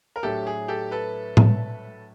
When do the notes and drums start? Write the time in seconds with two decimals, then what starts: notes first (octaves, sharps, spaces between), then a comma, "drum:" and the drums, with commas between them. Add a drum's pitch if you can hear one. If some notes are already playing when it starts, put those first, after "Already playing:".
0.16 A#4
0.23 A2 F#3 A3 D4 G4 A4
0.47 G#4
0.68 G4 A4
0.91 A4 B4
1.37 drum: tom A2